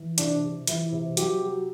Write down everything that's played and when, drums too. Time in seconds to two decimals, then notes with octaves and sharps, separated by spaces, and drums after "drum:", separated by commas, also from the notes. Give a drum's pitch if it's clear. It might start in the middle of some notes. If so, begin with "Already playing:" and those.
Already playing: E3
0.18 C3 D4, drum: hi-hat
0.43 C3
0.67 E3 E4, drum: hi-hat
0.92 C3
1.17 F#3 G4, drum: hi-hat
1.42 F#3